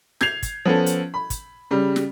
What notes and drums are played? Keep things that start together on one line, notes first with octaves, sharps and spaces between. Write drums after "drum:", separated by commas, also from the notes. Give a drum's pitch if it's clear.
G6 G#6 C7 F7, drum: snare
drum: kick, hi-hat
F3 B3 C#4 A4
drum: hi-hat
B5
drum: kick, hi-hat
C#3 G3
drum: snare